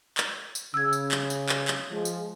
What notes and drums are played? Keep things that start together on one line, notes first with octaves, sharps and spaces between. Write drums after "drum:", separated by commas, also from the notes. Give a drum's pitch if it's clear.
drum: clap
drum: tambourine
C#3 E6 G#6
drum: tambourine
drum: clap
drum: tambourine
drum: clap
drum: clap
F3 G#3
drum: tambourine